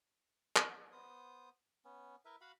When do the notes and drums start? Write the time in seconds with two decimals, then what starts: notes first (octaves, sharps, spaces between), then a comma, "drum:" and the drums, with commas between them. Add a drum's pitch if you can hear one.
0.56 drum: clap
0.92 B3 C5 D#6
1.85 B3 C#4
2.25 E4 A#4 B4 E5
2.41 F#4 F5 F#5 B5